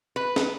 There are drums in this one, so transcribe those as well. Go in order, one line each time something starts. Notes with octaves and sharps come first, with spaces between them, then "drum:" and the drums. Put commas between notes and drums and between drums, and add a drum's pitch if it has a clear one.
B4
drum: snare